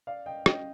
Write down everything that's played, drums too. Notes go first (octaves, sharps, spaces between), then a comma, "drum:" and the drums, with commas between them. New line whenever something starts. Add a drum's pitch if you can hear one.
D5 F5
D#5 G5
D#5 G5, drum: rim click